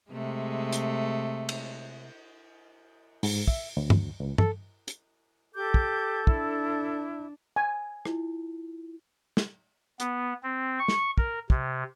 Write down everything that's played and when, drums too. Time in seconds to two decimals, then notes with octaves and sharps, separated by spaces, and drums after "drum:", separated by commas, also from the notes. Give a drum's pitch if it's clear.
0.11 C3 G#3 A3
0.72 drum: hi-hat
1.49 drum: cymbal
3.23 G#2, drum: open hi-hat
3.48 E5, drum: kick
3.77 D2
3.90 drum: tom G2
4.20 C#2
4.38 A4, drum: tom G2
4.88 drum: hi-hat
5.55 G4 A4 D6 G6
5.74 drum: kick
6.27 D4 E4, drum: kick
7.56 G#5
8.05 E4 F4, drum: rim click
9.37 drum: snare
10.00 B3, drum: hi-hat
10.43 C4
10.79 C#6
10.88 drum: snare
11.18 A#4, drum: kick
11.50 C3, drum: kick